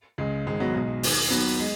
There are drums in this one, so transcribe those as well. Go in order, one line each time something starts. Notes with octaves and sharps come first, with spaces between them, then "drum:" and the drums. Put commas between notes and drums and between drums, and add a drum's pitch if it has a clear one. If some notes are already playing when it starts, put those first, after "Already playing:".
C#2 C#3 G#3
G#1 G#2 D#3 G#3
F#3 B3
B1 B2 G#3
D#2 D#3, drum: open hi-hat
D#2 D#3 F#3 B3
G#3